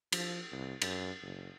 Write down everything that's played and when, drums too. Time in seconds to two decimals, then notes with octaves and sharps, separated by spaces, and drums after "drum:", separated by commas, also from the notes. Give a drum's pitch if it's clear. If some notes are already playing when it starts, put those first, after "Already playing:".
0.12 F3, drum: cymbal
0.52 C2
0.82 F#2, drum: cymbal
1.22 F#1